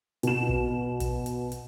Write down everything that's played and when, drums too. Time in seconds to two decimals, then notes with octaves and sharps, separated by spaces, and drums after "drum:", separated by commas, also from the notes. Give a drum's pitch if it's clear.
0.23 B2 E7, drum: hi-hat
0.49 drum: kick
1.00 drum: kick, hi-hat
1.26 drum: hi-hat
1.52 drum: hi-hat